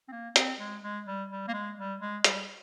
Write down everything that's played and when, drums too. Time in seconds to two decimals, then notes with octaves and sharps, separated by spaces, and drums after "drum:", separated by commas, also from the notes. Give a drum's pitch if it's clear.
0.08 C4
0.12 A#3
0.36 C4, drum: hi-hat
0.60 G#3
0.83 G#3
1.07 G3
1.31 G3
1.48 A#3
1.54 G#3
1.78 G3
2.01 G#3
2.24 G3, drum: hi-hat